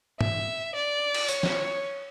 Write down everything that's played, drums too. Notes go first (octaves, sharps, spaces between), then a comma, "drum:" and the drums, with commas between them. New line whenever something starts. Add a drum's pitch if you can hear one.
E5, drum: tom G#2
D5
drum: cymbal
C#5, drum: tambourine
drum: snare